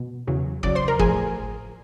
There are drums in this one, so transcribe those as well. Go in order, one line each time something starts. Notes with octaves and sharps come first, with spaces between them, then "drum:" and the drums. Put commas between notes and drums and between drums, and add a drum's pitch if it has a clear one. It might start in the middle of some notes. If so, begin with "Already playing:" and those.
Already playing: B2
E2 C#3 F#3
E2 C#3 F#3 D5 D6, drum: kick
C5 C6
A#4 A#5
A2 F3 G#4 G#5, drum: kick